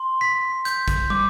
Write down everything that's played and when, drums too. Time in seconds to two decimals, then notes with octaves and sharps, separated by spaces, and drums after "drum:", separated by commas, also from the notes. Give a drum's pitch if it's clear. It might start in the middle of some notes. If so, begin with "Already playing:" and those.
Already playing: C6
0.21 B6
0.65 G6, drum: hi-hat
0.88 drum: kick, hi-hat
1.10 D6, drum: tom